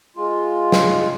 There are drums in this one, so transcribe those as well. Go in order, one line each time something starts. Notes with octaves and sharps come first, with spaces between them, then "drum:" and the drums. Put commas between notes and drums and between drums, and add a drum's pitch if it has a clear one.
G#3 F4
drum: snare